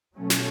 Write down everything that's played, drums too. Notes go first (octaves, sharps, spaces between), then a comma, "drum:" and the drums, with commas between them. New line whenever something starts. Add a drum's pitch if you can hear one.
B2 F#3 A3 C#4
drum: snare